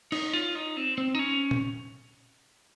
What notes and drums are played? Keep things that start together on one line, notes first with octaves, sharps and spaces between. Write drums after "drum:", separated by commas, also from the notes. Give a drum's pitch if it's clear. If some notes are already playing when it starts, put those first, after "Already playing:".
D#4, drum: cymbal
F4
D#4
C4
C4
D#4
C#4
drum: tom A#2